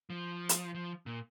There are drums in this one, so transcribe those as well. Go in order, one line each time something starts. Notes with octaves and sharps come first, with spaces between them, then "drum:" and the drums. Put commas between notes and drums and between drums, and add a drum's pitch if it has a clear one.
F3
drum: hi-hat
F3
A#2